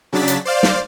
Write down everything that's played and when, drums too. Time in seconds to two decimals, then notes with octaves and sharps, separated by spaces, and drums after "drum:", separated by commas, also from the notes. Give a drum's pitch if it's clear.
0.13 C#3 F#3 D4 A6 B6
0.28 drum: hi-hat
0.45 C5 D5 F5
0.63 drum: snare